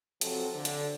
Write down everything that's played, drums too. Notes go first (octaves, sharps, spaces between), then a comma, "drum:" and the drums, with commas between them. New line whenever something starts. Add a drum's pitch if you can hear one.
C3 F3 F#3 C4 A4, drum: hi-hat
D3
drum: hi-hat